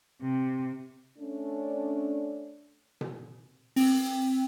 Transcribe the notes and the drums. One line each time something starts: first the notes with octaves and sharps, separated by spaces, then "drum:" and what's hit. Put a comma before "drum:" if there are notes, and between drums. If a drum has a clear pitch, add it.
C3
A3 C#4 D4
drum: tom B2
C4, drum: open hi-hat